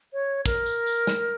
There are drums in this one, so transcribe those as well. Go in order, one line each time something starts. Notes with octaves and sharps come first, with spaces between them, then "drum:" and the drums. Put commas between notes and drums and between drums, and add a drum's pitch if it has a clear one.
C#5
A#4, drum: kick, tambourine
drum: tambourine
drum: tambourine
drum: snare